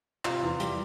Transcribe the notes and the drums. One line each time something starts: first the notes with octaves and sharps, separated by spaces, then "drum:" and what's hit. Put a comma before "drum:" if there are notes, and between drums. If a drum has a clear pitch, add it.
C3 F4, drum: clap
E2
G3, drum: hi-hat